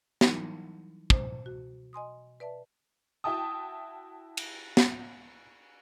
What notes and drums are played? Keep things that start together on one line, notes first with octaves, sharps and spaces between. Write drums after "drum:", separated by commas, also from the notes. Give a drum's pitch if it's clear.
E3 F#3 G3 D#4 E4 A#4, drum: snare
B2 C5, drum: kick
F#4
D#5 G#5 C6 D#6
B4 D5 E5 A5
E4 F#4 G5 A5 D#6
drum: cymbal
drum: snare